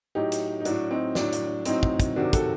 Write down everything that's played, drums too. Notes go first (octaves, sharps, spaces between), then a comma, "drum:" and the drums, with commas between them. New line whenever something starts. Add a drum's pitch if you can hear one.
A2 F#3 D#4 G4
drum: hi-hat
D#4
A2 F#3 D4 F#4, drum: hi-hat
C4 D#4
A2 F#3 D4, drum: snare
drum: hi-hat
A2 F#3 C4 D#4, drum: hi-hat
drum: kick
drum: kick, hi-hat
C3 D#3 F#3 D4 F#4
F#4 A4, drum: kick, hi-hat